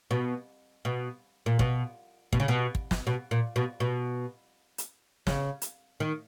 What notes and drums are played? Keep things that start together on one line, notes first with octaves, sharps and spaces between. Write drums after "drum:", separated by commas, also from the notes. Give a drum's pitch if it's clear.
B2
B2
A#2
B2, drum: kick
B2, drum: kick
C#3
B2
drum: kick
drum: snare
B2
A#2
B2
B2
drum: hi-hat
C#3, drum: snare
drum: hi-hat
D#3